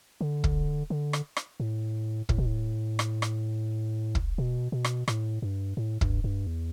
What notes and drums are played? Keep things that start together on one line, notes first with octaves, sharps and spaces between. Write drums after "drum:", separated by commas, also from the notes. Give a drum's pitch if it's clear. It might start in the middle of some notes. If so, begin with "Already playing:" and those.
D3
drum: kick
D3
drum: rim click
drum: rim click
A2
A2, drum: kick
B2
A2
drum: rim click
drum: rim click
drum: kick
B2
B2
drum: rim click
A2, drum: rim click
G2
A2
G2, drum: kick
G2
E2